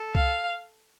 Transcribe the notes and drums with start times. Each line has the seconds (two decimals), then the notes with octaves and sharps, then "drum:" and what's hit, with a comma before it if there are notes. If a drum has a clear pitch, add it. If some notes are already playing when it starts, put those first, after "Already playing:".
Already playing: A4
0.15 F5, drum: kick C2